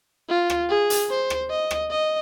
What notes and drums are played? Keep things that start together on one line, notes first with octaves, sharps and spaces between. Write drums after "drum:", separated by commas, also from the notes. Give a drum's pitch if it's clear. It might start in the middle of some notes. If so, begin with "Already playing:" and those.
F4
drum: rim click
G#4
drum: hi-hat
C5
drum: rim click
D#5
drum: rim click
D#5